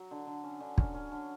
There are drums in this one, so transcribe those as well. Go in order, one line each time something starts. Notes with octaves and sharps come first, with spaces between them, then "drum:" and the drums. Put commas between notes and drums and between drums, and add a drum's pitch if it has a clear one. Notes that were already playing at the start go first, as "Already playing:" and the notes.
Already playing: F#3
D3
D3
C#4
D3
C#4, drum: kick
C#4
D3